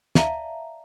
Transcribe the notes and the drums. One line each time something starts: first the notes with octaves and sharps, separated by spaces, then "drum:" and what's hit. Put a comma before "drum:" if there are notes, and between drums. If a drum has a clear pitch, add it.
D5 E5 F5 A5 A#5, drum: snare